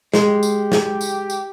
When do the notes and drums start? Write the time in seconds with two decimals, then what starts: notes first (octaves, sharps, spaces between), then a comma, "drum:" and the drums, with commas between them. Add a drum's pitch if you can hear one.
0.14 G#3 G4, drum: snare
0.43 drum: tambourine
0.72 drum: snare
1.01 drum: tambourine
1.30 drum: tambourine